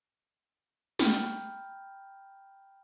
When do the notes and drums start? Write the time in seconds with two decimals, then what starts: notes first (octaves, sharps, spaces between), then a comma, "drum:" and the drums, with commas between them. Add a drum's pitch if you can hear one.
0.99 G5 A#5 B5 F6 G6, drum: snare